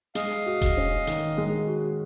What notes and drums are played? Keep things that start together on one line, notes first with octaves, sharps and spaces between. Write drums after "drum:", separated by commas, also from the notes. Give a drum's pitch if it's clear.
G#3 D#5 F5, drum: hi-hat
F#4
drum: kick E1, hi-hat
C#4
D#3, drum: hi-hat
G#3
F#4